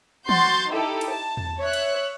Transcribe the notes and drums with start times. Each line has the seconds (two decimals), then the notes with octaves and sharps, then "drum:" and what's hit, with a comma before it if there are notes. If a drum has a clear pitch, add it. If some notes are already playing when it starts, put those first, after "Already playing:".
0.29 F#4 C6 G6 A6, drum: tom E3
0.73 D#4 E4 G4 A4
1.01 drum: cymbal
1.12 A5
1.37 drum: tom E2
1.59 C#5 E5 F#6
1.73 drum: cymbal